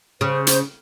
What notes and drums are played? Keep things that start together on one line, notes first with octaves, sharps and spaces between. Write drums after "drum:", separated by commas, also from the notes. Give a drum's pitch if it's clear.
C#3 C5
drum: hi-hat